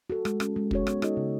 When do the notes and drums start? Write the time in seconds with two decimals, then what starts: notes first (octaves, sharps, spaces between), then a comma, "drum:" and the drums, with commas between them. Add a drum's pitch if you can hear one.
0.10 F#4 A4
0.25 G#3, drum: rim click
0.40 C#4 F#4, drum: rim click
0.56 G#3
0.71 C#4 F#4 C#5, drum: kick
0.87 B3, drum: rim click
1.02 D#4 F#4 A4 D#5, drum: rim click
1.17 C#3